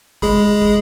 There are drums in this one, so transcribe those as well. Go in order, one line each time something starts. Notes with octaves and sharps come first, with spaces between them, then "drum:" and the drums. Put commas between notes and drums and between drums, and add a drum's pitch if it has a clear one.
G#3 G#4 B5, drum: kick
drum: kick